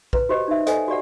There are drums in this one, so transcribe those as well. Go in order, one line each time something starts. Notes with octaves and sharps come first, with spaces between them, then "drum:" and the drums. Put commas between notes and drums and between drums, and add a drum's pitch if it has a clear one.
B4, drum: kick
F#4 G4 C5 D#5
D#4 E5
A4 C5 D5 D#5 F#5 G#5, drum: hi-hat
F#4 G4 D5 F#5